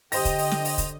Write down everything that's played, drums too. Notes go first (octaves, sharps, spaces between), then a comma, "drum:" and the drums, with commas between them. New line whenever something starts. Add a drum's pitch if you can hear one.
D3 G4 C5 D#5 G5 A#6, drum: open hi-hat
drum: kick, hi-hat
drum: open hi-hat
drum: snare
drum: open hi-hat
drum: kick, hi-hat